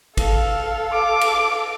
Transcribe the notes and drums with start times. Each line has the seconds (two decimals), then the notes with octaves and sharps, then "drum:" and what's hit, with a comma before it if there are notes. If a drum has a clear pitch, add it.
0.17 A4 F5, drum: kick A1, cymbal
0.93 D6
1.21 drum: cymbal